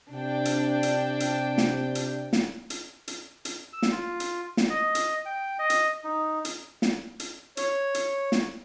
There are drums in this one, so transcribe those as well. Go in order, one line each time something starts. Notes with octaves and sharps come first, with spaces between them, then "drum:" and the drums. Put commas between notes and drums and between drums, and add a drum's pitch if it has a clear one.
C3 D4 G5
drum: hi-hat
drum: hi-hat
drum: hi-hat
drum: snare
drum: hi-hat
drum: snare
drum: hi-hat
drum: hi-hat
drum: hi-hat
E6
drum: snare
F4
drum: hi-hat
drum: snare
D#5
drum: hi-hat
G5
D#5
drum: hi-hat
D#4
drum: hi-hat
drum: snare
drum: hi-hat
C#5, drum: hi-hat
drum: hi-hat
drum: snare